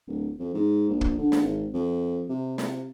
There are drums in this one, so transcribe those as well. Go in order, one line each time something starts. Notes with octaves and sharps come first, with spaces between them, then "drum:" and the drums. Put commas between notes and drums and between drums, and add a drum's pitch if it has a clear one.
D1
F2
G#2
A#1
drum: kick
D3
drum: snare
G#1
F2
C3
C3, drum: snare